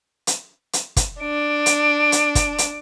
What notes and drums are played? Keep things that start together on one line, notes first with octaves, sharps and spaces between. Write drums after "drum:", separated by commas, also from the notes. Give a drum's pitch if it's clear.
drum: hi-hat
drum: hi-hat
drum: kick, hi-hat
D4 D7
drum: hi-hat
drum: hi-hat
drum: kick, hi-hat
drum: hi-hat